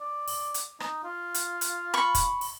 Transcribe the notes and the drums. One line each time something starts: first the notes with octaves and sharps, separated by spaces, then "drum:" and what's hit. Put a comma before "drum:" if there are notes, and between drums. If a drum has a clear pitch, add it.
D5
drum: open hi-hat
drum: hi-hat
D#4, drum: rim click
F4
drum: hi-hat
drum: hi-hat
B5 C#6
drum: kick, hi-hat
drum: open hi-hat